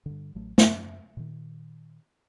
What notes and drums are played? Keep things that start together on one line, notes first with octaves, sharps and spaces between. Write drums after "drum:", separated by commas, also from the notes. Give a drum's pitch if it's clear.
G2 D3
A1 F#3 A3
F#2, drum: snare
A#2 D#3